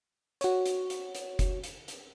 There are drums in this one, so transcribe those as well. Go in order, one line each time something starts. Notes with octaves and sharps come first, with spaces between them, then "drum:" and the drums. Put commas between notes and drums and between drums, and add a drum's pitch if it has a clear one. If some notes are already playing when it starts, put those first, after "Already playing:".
F#4 C#5, drum: hi-hat
drum: hi-hat
drum: hi-hat
drum: hi-hat
drum: kick F#1, hi-hat
drum: hi-hat
drum: hi-hat